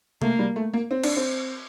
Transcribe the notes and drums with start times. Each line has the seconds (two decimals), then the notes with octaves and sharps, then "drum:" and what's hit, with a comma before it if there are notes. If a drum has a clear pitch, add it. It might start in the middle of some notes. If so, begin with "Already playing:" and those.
0.22 A3 A#3, drum: tom C3
0.39 G3
0.56 A3
0.73 A#3
0.91 C4
1.04 D4, drum: cymbal
1.17 C4